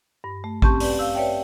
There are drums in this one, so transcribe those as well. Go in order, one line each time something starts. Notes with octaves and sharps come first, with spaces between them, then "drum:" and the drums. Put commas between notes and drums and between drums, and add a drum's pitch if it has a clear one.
G2
A3
C4 C#4 G4 A5 C#6 G6, drum: kick A1
G4 B4 D5, drum: open hi-hat
F5 E6
B4 C#5 D5 E5 G5 A5